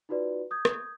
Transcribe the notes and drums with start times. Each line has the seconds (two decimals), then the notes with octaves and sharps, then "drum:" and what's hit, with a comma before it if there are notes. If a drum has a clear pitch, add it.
0.09 D#4 F4 F#4 B4 D5
0.51 D#6 G6 G#6
0.65 drum: rim click